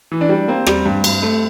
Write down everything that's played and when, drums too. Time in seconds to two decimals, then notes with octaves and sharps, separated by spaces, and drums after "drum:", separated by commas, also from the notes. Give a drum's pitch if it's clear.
0.12 E3
0.21 D4
0.29 G3
0.48 A#3 C4
0.66 G3, drum: rim click
0.86 G2
1.04 G2, drum: cymbal
1.23 A3